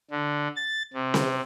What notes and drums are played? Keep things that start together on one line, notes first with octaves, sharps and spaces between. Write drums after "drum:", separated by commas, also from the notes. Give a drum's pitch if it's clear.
D3
A6
C3
drum: snare C4